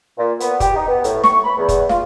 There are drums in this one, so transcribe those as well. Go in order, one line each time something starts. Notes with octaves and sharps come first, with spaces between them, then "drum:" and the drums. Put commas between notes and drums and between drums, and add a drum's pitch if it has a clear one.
A#2
B3, drum: hi-hat
G4, drum: kick, hi-hat
D#4
B3
A2, drum: hi-hat
C#6, drum: snare
B5
E2
drum: kick, hi-hat
F4, drum: snare